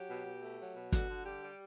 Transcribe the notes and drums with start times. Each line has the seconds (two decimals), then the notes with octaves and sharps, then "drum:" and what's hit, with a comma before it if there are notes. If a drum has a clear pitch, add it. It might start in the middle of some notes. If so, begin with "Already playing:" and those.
Already playing: F#3 G4
0.09 B2
0.26 B2
0.42 A3
0.59 F#3
0.75 B2
0.92 D3 F#4, drum: kick, hi-hat
1.10 D3
1.25 G3 G4
1.43 G3